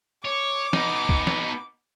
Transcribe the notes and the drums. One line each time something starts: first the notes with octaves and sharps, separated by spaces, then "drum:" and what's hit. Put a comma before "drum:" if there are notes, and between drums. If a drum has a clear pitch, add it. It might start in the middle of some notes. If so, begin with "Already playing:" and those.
C#5 D6
B3 D#4, drum: snare
drum: kick
drum: snare